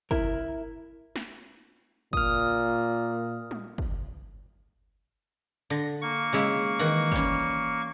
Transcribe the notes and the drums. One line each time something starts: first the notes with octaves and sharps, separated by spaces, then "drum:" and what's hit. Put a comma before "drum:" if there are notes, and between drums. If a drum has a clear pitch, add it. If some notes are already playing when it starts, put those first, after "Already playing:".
E4 A#4, drum: kick
drum: snare
A#2 D#6 F6, drum: kick
drum: tom G3
drum: kick
D3 A#6
A#3 C#6
C#3 G#3 E4
D#3 E3 F#5
G3 C#4, drum: kick